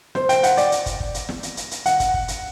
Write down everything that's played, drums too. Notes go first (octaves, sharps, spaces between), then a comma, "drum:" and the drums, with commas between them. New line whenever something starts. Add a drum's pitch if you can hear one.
C5, drum: snare
G5, drum: hi-hat
F#5, drum: hi-hat
D5, drum: hi-hat
drum: hi-hat
drum: kick, hi-hat
drum: kick
drum: hi-hat
drum: snare
drum: hi-hat
drum: hi-hat
drum: hi-hat
F#5, drum: hi-hat
drum: kick, hi-hat
drum: kick
drum: hi-hat